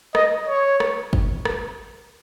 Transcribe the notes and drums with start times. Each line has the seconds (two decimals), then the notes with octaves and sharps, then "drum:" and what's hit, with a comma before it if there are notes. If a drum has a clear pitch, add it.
0.15 D#5, drum: rim click
0.48 C#5
0.80 drum: rim click
1.13 drum: kick
1.45 drum: rim click